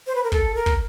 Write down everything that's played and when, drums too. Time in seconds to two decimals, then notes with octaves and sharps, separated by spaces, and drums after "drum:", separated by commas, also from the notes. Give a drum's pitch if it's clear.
0.07 C5
0.15 B4
0.23 A#4
0.32 A4, drum: kick
0.55 A#4
0.66 drum: kick